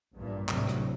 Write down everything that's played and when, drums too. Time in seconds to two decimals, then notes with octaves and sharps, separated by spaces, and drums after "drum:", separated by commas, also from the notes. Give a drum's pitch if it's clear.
0.15 A1 G2 A#2
0.49 A1 D2 A2 C3 F#3 G3, drum: clap
0.67 drum: rim click